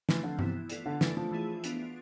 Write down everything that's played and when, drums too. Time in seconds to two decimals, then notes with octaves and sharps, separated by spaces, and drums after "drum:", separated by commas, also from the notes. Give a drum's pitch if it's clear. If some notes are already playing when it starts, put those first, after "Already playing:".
0.09 E3 F3 A3 C4, drum: snare
0.23 D3
0.39 C3 E3 B3 E4, drum: tom G2
0.70 B3 F4 A4 D5, drum: hi-hat
0.86 D3
1.01 E3 A3 D4 A4, drum: snare
1.17 F3
1.31 E3 A3 E4 G#4
1.64 B3 D4 F4, drum: hi-hat